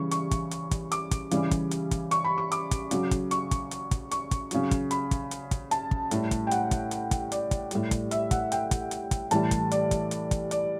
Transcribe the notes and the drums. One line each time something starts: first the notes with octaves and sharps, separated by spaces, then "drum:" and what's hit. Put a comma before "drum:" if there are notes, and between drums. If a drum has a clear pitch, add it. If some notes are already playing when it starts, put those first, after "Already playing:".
Already playing: C#3 E3 G3 C#6
C#6, drum: hi-hat
drum: kick, hi-hat
drum: hi-hat
drum: kick, hi-hat
D6, drum: hi-hat
drum: kick, hi-hat
C#3 E3 G3, drum: hi-hat
drum: kick, hi-hat
drum: hi-hat
drum: kick, hi-hat
C#6, drum: hi-hat
B5
C#6
D6, drum: hi-hat
drum: kick, hi-hat
C#3 F#3, drum: hi-hat
drum: kick, hi-hat
C#6, drum: hi-hat
drum: kick, hi-hat
drum: hi-hat
drum: kick, hi-hat
C#6, drum: hi-hat
drum: kick, hi-hat
C#3 F#3, drum: hi-hat
drum: kick, hi-hat
B5, drum: hi-hat
drum: kick, hi-hat
drum: hi-hat
drum: kick, hi-hat
A5, drum: hi-hat
drum: kick
A2 G3, drum: hi-hat
drum: kick, hi-hat
G5
F#5, drum: hi-hat
drum: kick, hi-hat
drum: hi-hat
drum: kick, hi-hat
D5, drum: hi-hat
drum: kick, hi-hat
A2 G3, drum: hi-hat
drum: kick, hi-hat
E5, drum: hi-hat
F#5, drum: kick, hi-hat
G5, drum: hi-hat
drum: kick, hi-hat
drum: hi-hat
drum: kick, hi-hat
A2 E3 G3 A5, drum: hi-hat
drum: kick, hi-hat
D5, drum: hi-hat
drum: kick, hi-hat
drum: hi-hat
drum: kick, hi-hat
D5, drum: hi-hat